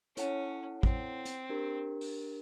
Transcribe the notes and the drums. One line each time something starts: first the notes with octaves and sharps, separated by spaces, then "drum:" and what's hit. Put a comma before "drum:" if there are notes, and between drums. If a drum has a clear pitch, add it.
C#4 E4 A4 C#5 F#5 A5, drum: hi-hat
C4, drum: kick
drum: hi-hat
D4 G4 A#4
drum: open hi-hat